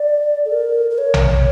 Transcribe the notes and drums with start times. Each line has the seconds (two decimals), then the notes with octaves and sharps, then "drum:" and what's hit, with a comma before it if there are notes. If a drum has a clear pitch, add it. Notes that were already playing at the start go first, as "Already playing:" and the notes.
Already playing: D5
0.45 A4
0.52 A#4
0.90 A#4
0.98 C#5
1.14 drum: tom A#1